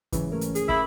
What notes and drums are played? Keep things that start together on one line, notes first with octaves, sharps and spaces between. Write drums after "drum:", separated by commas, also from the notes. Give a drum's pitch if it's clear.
G#2 C#3 E3 F#3, drum: kick, hi-hat
A3 C#4 A#4
drum: hi-hat
G#4, drum: hi-hat
E4 D6, drum: kick